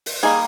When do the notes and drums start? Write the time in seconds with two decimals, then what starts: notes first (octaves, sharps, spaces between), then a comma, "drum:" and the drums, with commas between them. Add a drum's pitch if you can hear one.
0.06 drum: open hi-hat
0.23 D#3 G3 A#3 G#4